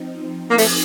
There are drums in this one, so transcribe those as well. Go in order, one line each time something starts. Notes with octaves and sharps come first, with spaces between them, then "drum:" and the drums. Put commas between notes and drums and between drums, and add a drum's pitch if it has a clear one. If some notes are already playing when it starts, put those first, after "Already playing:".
Already playing: F3 C4 D#4
A#3
A3, drum: open hi-hat